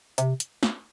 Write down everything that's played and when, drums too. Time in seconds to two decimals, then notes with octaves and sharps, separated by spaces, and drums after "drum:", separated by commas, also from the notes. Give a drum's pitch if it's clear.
0.18 C3, drum: hi-hat
0.40 drum: hi-hat
0.63 drum: snare